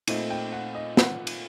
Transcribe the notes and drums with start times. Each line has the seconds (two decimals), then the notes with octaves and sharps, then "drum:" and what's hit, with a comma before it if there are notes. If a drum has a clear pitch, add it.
0.07 A#2 A3 C4 D#4, drum: cymbal
0.30 G5
0.52 F#5
0.75 D#5
0.97 F#5, drum: snare
1.27 drum: cymbal